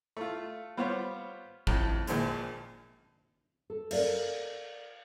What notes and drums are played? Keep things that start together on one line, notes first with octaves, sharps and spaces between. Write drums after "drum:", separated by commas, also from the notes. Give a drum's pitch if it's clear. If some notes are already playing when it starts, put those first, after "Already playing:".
A3 F4
G3 B3 F4 C5 C#5
F2 A2, drum: kick G#1
A#1 A#2 F3 G#3, drum: hi-hat
A4
A#4 D5 F5, drum: cymbal